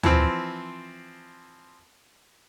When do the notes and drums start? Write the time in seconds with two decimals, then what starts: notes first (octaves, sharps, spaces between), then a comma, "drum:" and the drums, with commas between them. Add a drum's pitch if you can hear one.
0.03 E3 F3 C4, drum: tom